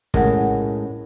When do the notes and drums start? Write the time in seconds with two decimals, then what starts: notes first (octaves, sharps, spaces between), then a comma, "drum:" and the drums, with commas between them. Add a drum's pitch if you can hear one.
0.14 A2 G#3 C#4 A#4 F#5, drum: kick